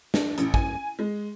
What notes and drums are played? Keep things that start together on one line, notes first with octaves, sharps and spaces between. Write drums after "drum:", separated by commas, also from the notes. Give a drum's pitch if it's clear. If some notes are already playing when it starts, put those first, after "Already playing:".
D4, drum: snare
A1, drum: hi-hat
G#5, drum: kick
G#3